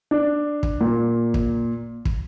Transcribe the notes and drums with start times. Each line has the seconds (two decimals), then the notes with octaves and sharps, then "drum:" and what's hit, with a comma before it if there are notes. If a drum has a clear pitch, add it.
0.11 D4
0.63 drum: kick
0.81 A#2
1.34 drum: kick
2.05 drum: kick